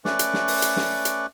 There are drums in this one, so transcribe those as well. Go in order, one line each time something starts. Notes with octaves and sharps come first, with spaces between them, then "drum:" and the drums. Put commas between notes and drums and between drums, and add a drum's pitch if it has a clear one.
A3 C#4 B4 D5 C#6 D6, drum: snare
drum: hi-hat
drum: snare
drum: open hi-hat
drum: hi-hat
drum: snare
drum: hi-hat